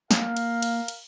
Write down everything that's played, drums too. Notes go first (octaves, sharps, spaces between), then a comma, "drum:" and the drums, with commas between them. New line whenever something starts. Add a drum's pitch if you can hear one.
A#3 A#4 F5, drum: snare
drum: cymbal
drum: cymbal
drum: cymbal